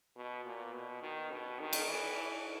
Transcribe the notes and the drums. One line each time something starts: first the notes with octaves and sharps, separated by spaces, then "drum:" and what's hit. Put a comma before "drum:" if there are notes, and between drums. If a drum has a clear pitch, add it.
B2
A#2
B2
D#3
B2
D#3
drum: cymbal
E3